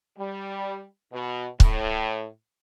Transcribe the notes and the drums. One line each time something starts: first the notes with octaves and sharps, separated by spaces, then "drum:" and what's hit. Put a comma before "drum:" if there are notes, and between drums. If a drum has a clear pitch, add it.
G3
B2
A2, drum: kick C#1